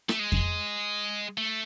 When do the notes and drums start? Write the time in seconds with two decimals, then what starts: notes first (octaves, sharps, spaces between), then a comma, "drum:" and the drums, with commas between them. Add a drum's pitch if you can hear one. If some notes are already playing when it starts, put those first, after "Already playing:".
0.09 A3, drum: rim click
0.19 G#3
0.32 drum: kick F2
1.37 A3